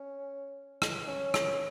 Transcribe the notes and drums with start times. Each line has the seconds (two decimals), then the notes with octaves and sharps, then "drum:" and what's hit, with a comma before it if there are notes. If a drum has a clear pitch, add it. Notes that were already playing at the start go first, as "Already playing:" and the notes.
Already playing: C#4
0.82 drum: rim click
1.07 C#4
1.34 drum: rim click